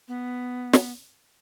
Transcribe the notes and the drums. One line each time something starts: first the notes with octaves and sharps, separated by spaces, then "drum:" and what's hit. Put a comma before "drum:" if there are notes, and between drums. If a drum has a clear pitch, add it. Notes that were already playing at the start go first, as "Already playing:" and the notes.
B3
drum: snare